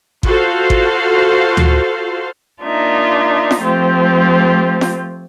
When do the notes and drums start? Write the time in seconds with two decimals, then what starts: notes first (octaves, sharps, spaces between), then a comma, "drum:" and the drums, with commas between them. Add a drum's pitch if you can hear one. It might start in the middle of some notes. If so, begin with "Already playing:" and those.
0.23 F4 F#4 A4 C5 F5, drum: kick G#1
0.70 drum: kick G#1
1.57 drum: tom D2
2.63 A#3 D4 D#4 F4 E5
3.51 drum: snare F4
3.62 F3 A3 C4 F4 G4
4.81 drum: snare F4